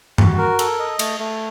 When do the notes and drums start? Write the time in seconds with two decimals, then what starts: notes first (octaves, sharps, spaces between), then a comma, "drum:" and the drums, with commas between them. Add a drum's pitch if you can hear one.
0.18 F#4, drum: tom G2
0.38 A#4
0.59 A4, drum: cymbal
0.80 D#5
0.99 A3, drum: cymbal
1.19 A3